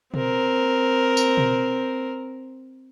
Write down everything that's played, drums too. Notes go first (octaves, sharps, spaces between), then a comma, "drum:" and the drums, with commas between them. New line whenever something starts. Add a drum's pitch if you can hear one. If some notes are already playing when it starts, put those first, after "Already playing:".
C4 A#4, drum: tom B2
drum: tambourine
drum: tom B2